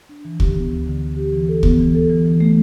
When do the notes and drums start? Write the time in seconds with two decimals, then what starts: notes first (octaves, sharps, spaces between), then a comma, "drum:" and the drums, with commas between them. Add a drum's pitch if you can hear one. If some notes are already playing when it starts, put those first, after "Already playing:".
0.09 D4
0.25 E3
0.40 G4, drum: kick
0.55 B3
0.71 D2
0.86 D3
1.02 D3
1.17 G4
1.32 E3
1.49 A4
1.63 B3, drum: kick
1.79 E3
1.95 A4
2.10 E3
2.25 E3
2.41 A3